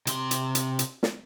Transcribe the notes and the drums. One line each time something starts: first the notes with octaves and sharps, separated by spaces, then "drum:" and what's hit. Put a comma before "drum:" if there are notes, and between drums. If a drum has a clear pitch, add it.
C3 C6, drum: hi-hat
drum: hi-hat
drum: hi-hat
drum: hi-hat
drum: snare